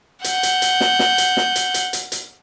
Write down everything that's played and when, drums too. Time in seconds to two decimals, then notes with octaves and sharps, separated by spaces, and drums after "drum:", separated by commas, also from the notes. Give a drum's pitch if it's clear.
0.24 F#5 G6, drum: hi-hat
0.43 drum: hi-hat
0.62 drum: hi-hat
0.81 drum: snare
0.99 drum: snare
1.18 drum: hi-hat
1.37 drum: snare
1.56 drum: hi-hat
1.74 drum: hi-hat
1.93 drum: hi-hat
2.12 drum: hi-hat